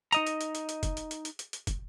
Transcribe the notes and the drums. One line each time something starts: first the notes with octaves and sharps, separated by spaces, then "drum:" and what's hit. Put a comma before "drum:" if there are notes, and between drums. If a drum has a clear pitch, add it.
D#4 D#5 A#5, drum: hi-hat
drum: hi-hat
drum: hi-hat
drum: hi-hat
drum: hi-hat
drum: kick, hi-hat
drum: hi-hat
drum: hi-hat
drum: hi-hat
drum: hi-hat
drum: hi-hat
drum: kick, hi-hat